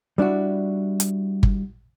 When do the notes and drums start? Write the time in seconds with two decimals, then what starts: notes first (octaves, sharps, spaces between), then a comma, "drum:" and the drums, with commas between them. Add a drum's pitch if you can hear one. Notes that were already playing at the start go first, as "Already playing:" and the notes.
0.18 G3 D4 E4 F#4
1.00 drum: hi-hat
1.43 drum: kick G1